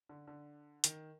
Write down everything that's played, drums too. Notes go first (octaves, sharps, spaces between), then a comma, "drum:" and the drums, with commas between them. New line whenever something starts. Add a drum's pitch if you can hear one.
D3
D3
D#3, drum: hi-hat